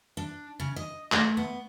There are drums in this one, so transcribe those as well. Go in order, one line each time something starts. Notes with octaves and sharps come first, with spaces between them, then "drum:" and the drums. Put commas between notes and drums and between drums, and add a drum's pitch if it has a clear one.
D4
C#3
D#5
A3, drum: clap
B3